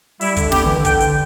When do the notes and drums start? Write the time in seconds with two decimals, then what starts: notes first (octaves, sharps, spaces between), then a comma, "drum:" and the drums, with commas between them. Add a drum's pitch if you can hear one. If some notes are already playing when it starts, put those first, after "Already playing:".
0.21 G3 E4, drum: open hi-hat
0.36 D3, drum: kick, hi-hat
0.52 D3 G4, drum: snare
0.66 E3
0.79 D3
0.85 G5, drum: kick, hi-hat
1.00 drum: hi-hat